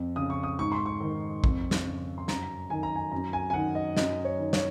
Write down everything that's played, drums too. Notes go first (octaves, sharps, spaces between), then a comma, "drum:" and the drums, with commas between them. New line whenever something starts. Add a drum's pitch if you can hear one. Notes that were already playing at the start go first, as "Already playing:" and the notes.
Already playing: F2
C#3 D#6
C#6
D#6
G#2 C#6
C6
C#6
D#3
F2, drum: kick
drum: snare
C#3
C6
F#2 A#5, drum: snare
D#3 G#5
A#5
G#5
F#2 A#5
G#5
G#5
D#3 F#5
D#5
F#2 D#5, drum: snare
C#5
D#3
C#5, drum: snare